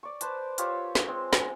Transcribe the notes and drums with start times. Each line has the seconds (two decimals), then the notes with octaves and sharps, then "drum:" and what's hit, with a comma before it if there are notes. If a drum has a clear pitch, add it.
0.03 D5 C#6
0.21 B4 C5 A5, drum: hi-hat
0.58 F4 G4 C#5 E6, drum: hi-hat
0.95 drum: snare
1.08 G#3 C4 G#4
1.33 drum: snare